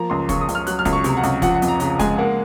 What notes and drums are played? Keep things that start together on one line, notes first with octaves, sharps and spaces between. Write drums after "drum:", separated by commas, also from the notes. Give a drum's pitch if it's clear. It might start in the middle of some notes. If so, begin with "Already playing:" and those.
Already playing: F3 A#3 A#5
C#2 C6
C#3 C#6, drum: kick, hi-hat
D#6
C#2, drum: hi-hat
F6
F#3 F#6, drum: hi-hat
F6
C#2, drum: kick, hi-hat
C#6
C3 A#5, drum: hi-hat
F#5
C#2, drum: hi-hat
F3 F#5, drum: kick, hi-hat
F#5
F2, drum: hi-hat
A#5
C#3 A#5, drum: hi-hat
G#3 G#5, drum: kick, hi-hat
A#3 F#5